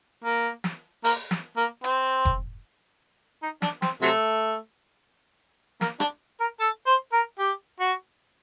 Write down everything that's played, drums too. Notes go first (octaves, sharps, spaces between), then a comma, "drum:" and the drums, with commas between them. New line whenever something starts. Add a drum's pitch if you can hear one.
A#3
drum: snare
A#3, drum: open hi-hat
drum: snare
A#3
C4, drum: hi-hat
drum: kick F1
D#4
D4, drum: snare
C4, drum: snare
C3 F#3 A3
A#3, drum: snare
D4, drum: rim click
A#4
A4
C5
A#4
G4
F#4